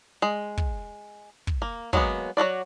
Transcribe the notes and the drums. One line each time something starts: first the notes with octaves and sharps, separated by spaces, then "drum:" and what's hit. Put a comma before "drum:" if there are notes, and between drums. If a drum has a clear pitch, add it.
G#3
drum: kick
drum: kick
A#3
F#3 G#3 A#3 B3, drum: kick
F#3 A#3 F#4 D5